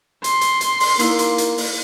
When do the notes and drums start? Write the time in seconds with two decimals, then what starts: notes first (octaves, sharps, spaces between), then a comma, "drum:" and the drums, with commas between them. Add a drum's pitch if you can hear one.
0.24 C6, drum: hi-hat
0.41 drum: hi-hat
0.61 drum: hi-hat
0.80 drum: open hi-hat
0.99 A#3 D#4 E4, drum: hi-hat
1.19 drum: hi-hat
1.38 drum: hi-hat
1.58 drum: open hi-hat